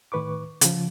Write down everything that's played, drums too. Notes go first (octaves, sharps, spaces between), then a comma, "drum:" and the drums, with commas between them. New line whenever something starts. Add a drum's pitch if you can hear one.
A2 D#3 B4 C#6 D6
C#3 F3, drum: hi-hat